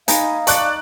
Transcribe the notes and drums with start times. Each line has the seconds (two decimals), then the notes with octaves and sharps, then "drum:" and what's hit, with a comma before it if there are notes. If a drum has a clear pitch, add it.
0.08 D#4 F5 G#5 B5, drum: hi-hat
0.47 D5 A5 C#6 F#6, drum: hi-hat